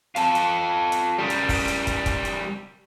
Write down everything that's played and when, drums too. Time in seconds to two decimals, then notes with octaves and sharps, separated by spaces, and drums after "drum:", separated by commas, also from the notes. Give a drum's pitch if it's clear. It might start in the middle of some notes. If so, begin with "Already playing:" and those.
0.16 F4 A4, drum: hi-hat
0.35 drum: hi-hat
0.92 drum: hi-hat
1.19 C#3 G3
1.30 drum: hi-hat
1.49 drum: kick, open hi-hat
1.68 drum: hi-hat
1.87 drum: kick, hi-hat
2.06 drum: kick, hi-hat
2.25 drum: hi-hat